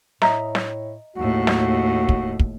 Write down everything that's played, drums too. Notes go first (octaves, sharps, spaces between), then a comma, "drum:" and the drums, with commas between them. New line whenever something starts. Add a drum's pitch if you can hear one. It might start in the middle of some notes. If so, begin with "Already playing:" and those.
A2 D#5 E5 A#5, drum: snare
drum: snare
D#2 A2 F#4
drum: snare
drum: kick
drum: kick